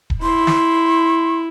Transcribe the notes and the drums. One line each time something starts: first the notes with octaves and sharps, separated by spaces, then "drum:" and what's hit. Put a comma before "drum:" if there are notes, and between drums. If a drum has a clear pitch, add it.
drum: kick D#1
E4 C6
drum: snare